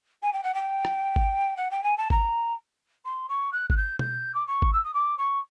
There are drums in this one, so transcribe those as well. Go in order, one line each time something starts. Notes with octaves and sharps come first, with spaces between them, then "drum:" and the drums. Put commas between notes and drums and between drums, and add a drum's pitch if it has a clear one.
G#5
G5
F#5
G5
drum: rim click
drum: kick G#1
F#5
G5
G#5
A5
A#5, drum: kick G#1
C6
C#6
F#6
F#6, drum: kick G#1
G6
G6, drum: tom B2
D6
C#6
drum: kick G#1
E6
D#6
D6
C#6